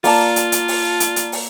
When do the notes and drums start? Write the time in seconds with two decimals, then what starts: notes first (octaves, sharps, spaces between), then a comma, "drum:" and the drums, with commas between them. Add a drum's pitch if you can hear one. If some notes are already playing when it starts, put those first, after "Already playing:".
0.04 A#3 F4 D5 A5, drum: open hi-hat
0.36 drum: hi-hat
0.52 drum: hi-hat
0.68 drum: open hi-hat
1.00 drum: hi-hat
1.16 drum: hi-hat
1.32 drum: open hi-hat